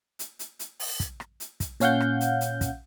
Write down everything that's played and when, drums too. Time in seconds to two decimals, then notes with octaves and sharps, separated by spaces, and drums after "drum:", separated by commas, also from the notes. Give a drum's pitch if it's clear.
0.19 drum: hi-hat
0.39 drum: hi-hat
0.59 drum: hi-hat
0.80 drum: open hi-hat
1.00 drum: kick, hi-hat
1.20 drum: rim click
1.40 drum: hi-hat
1.60 drum: kick, hi-hat
1.80 A#2 C#4 F5 F#5 G6, drum: hi-hat
2.00 drum: rim click
2.21 drum: hi-hat
2.41 drum: hi-hat
2.61 drum: kick, hi-hat